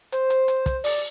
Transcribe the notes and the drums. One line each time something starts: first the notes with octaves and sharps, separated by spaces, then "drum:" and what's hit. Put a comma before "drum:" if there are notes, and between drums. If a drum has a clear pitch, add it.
C5, drum: hi-hat
drum: hi-hat
drum: hi-hat
drum: kick, hi-hat
D5, drum: open hi-hat